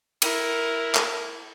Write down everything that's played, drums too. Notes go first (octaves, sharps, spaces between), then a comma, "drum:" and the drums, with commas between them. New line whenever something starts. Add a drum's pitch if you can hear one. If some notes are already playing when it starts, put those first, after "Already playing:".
E4 A#4, drum: cymbal
drum: clap